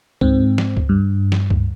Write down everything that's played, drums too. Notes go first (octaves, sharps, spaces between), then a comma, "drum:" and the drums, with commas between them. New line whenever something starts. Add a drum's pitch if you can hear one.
G#2 C4, drum: kick C#2
drum: snare
drum: kick C#2
G2
drum: snare
drum: kick C#2